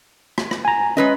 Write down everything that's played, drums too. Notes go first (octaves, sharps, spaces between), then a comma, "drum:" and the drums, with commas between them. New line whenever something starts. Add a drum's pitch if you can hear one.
drum: rim click
drum: rim click
G#5 A#5
G#3 C#4 B4 D#5